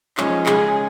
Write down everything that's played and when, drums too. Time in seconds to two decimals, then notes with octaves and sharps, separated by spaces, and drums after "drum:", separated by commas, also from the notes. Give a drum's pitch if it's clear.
0.17 F3 G#3 C#4 D#4, drum: clap
0.46 C#3 G#3 C#4 G#4, drum: clap